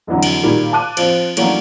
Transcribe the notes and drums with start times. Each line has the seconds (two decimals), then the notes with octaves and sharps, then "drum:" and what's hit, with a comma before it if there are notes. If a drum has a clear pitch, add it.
0.07 F1 D3 E3 F#3
0.23 drum: cymbal
0.43 A#2 D#3 G3 A#3
0.73 A5 D6 F#6 D#7
0.97 F3 C4, drum: cymbal
1.37 E3 F#3 A3 A#3 C#4 D4, drum: cymbal